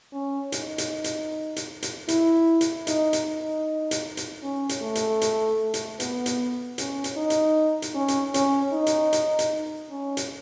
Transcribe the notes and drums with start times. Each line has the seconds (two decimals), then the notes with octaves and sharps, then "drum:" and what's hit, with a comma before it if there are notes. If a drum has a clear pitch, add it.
0.13 C#4
0.52 D#4, drum: hi-hat
0.78 drum: hi-hat
1.04 drum: hi-hat
1.56 drum: hi-hat
1.82 drum: hi-hat
2.08 E4, drum: hi-hat
2.61 drum: hi-hat
2.87 D#4, drum: hi-hat
3.13 drum: hi-hat
3.25 D#4
3.91 drum: hi-hat
4.17 drum: hi-hat
4.43 C#4
4.69 drum: hi-hat
4.82 A3
4.95 drum: hi-hat
5.21 drum: hi-hat
5.74 drum: hi-hat
6.00 B3, drum: hi-hat
6.26 drum: hi-hat
6.78 C#4, drum: hi-hat
7.04 drum: hi-hat
7.17 D#4
7.30 drum: hi-hat
7.82 drum: hi-hat
7.95 C#4
8.08 drum: hi-hat
8.34 C#4, drum: hi-hat
8.73 D#4
8.87 drum: hi-hat
9.13 drum: hi-hat
9.39 drum: hi-hat
9.90 C#4
10.17 drum: hi-hat